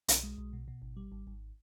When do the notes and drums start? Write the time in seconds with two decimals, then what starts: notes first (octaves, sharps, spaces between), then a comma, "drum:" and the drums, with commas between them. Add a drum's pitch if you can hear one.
0.08 B1, drum: hi-hat
0.23 G#3
0.38 B1
0.53 B2
0.68 B2
0.82 G#1
0.97 G3
1.12 G#1
1.27 G#1